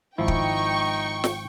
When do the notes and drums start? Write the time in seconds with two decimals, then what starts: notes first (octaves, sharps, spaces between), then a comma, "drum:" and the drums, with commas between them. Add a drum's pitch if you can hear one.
0.18 G#1 F3 D#4 E4 G5 C#6
0.28 drum: kick
1.24 drum: snare